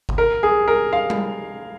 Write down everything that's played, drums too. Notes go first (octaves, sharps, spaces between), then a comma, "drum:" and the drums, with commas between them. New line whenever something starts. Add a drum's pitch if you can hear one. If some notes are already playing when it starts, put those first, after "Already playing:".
drum: kick G1
A#4
G#4
A#4
F5
drum: tom G3